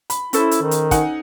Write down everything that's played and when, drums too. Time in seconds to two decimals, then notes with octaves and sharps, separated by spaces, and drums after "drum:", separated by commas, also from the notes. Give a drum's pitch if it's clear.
0.10 B5, drum: hi-hat
0.33 C#4 E4 A4 C5, drum: hi-hat
0.51 drum: hi-hat
0.62 D#3
0.71 drum: hi-hat
0.91 D#4 F#5 G#5, drum: kick, hi-hat